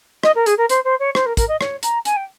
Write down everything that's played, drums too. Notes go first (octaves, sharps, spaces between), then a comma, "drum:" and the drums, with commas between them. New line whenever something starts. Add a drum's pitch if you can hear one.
D#5, drum: rim click
A#4
G#4, drum: hi-hat
A#4
C5, drum: hi-hat
C5
C#5
C5, drum: rim click
A#4
A#4, drum: kick, hi-hat
D#5
C#5, drum: rim click
A#5, drum: hi-hat
G#5, drum: hi-hat
G5